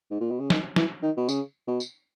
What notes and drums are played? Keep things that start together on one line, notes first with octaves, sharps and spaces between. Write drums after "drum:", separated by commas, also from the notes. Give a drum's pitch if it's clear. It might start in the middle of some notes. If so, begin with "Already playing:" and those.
G#2
A#2
B2
C#3
D#3, drum: snare
E3, drum: snare
D#3
B2
C#3, drum: tambourine
B2
drum: tambourine